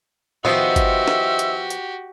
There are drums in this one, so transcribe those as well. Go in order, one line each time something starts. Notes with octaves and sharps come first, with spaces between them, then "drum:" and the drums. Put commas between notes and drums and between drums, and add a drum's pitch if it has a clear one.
D#3 F3 B3 F#4 G4 C5 D#5 E5, drum: tom A2
drum: kick G1, hi-hat
drum: snare
drum: hi-hat
drum: hi-hat